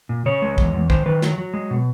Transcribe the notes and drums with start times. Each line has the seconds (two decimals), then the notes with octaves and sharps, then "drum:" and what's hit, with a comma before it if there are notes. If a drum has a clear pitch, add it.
0.09 A#2
0.26 C#3 C#5
0.42 G#3
0.58 E2, drum: kick
0.73 E2
0.90 D#3 C5, drum: kick
1.06 D#3 B4
1.22 F#3, drum: snare
1.38 F#3
1.54 G#3
1.71 B2